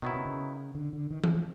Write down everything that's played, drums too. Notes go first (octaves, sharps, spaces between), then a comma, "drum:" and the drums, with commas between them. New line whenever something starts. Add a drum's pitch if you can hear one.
B2 D#3 F#3 B3 E4
C3
C#3
D3
D3
D#3
E3, drum: tom E3
F3